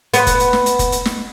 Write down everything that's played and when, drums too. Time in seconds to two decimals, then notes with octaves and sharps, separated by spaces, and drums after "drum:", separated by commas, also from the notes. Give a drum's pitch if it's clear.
0.14 B3, drum: hi-hat
0.27 drum: kick F1, hi-hat
0.40 drum: hi-hat
0.53 drum: snare
0.66 drum: hi-hat
0.79 drum: kick F1, hi-hat
0.92 drum: hi-hat
1.05 drum: snare